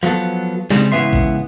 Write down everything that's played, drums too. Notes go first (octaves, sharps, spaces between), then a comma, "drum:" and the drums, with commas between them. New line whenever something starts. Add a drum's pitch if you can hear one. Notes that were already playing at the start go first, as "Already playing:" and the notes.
F3 F#3 B3 A4
C#3 G3 G#3 C4, drum: snare
G#2 C#3 E3 B3 E5 C6
drum: kick A#1